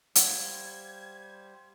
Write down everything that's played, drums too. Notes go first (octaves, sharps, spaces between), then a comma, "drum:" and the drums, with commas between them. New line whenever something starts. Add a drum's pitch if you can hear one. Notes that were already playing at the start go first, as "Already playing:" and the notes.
G3 C5 F5 F#5 G#6, drum: hi-hat